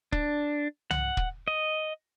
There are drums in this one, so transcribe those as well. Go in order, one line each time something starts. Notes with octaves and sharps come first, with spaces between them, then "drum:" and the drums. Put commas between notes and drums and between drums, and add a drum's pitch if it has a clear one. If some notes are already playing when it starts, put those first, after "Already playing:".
D4, drum: kick
F#5, drum: tom C2
drum: kick
D#5